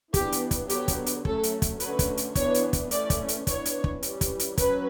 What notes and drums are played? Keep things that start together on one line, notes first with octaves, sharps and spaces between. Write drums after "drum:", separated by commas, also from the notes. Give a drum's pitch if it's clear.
E3 B3 D4 G4, drum: kick, hi-hat
drum: hi-hat
drum: kick, hi-hat
D3 F#3 B3 G4, drum: hi-hat
drum: kick, hi-hat
drum: hi-hat
F#3 A3 C#4 A4, drum: kick
drum: hi-hat
drum: kick, hi-hat
D3 F#3 A3 C#4 B4, drum: hi-hat
drum: kick, hi-hat
drum: hi-hat
E3 B3 D4 C#5, drum: kick, hi-hat
drum: hi-hat
drum: kick, hi-hat
E3 A3 C#4 D5, drum: hi-hat
drum: kick, hi-hat
drum: hi-hat
E3 B3 D4 C#5, drum: kick, hi-hat
drum: hi-hat
drum: kick
E3 G3 C#4, drum: hi-hat
drum: kick, hi-hat
drum: hi-hat
F#3 C#4 B4, drum: kick, hi-hat